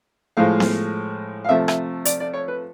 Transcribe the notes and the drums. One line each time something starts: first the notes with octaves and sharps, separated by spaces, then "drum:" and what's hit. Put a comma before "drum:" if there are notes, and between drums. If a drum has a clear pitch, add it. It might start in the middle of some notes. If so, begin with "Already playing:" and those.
A2 F3 G#3 F5
drum: snare B3
F5
C3 F3 A3 E5
E5, drum: rim click
D5, drum: hi-hat
D5
C#5
B4